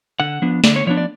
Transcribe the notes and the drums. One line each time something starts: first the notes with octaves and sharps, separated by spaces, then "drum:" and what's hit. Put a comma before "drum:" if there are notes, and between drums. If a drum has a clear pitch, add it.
D3 F#5
F3 B3 D4
D3 D5, drum: snare
C#5
F3 B3 D4 C#5
D5